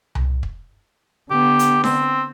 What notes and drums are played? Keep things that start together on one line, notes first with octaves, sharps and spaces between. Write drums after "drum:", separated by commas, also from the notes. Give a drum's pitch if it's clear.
drum: tom C2
drum: kick
D3 B3 G4
drum: hi-hat
C4, drum: snare D4